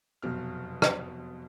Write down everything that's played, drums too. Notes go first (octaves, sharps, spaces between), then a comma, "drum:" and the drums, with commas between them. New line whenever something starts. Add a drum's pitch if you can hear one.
F1 F#2 B2 F6
drum: rim click